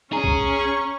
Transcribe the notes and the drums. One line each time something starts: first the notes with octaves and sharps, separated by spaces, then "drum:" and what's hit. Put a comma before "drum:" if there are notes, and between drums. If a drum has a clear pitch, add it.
C#4 G#4 A#5 C#6
drum: kick B1